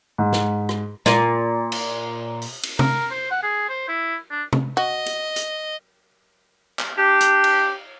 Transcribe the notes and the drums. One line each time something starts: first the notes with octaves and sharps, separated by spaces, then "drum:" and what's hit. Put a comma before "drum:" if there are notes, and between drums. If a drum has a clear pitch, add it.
G#2
drum: snare
drum: rim click
A#2, drum: snare
drum: cymbal
drum: open hi-hat
drum: cymbal
A#4, drum: tom C3
C5
F#5
G#4
C5
E4
D4
drum: tom C3
F#4 D#5
drum: hi-hat
drum: hi-hat
drum: clap
D4 G4
drum: hi-hat
drum: cymbal